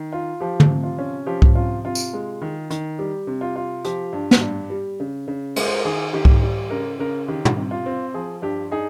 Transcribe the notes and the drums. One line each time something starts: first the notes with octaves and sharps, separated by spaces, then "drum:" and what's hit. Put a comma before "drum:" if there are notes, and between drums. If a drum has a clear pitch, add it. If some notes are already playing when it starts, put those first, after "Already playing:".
Already playing: D#3
F4
F3 G4
drum: tom D3
C3
F4
C#4
F3 G4
drum: kick C2
C3 F4
C3 F4
drum: tambourine
G#3
D#3
D#3, drum: hi-hat
G3 G4
C3
F4
F4
F3 G4, drum: hi-hat
G2
drum: snare
G2
G3
C#3
C#3
G#3 A#4, drum: cymbal
C5
A#4
D#3 G#4
D#3 G4
drum: kick C2
G3
C#3 A#4
C#3 A#4
D#3 G4
drum: tom
C3
F4
C4
F3 G#4
G2 G4
D#4 G#4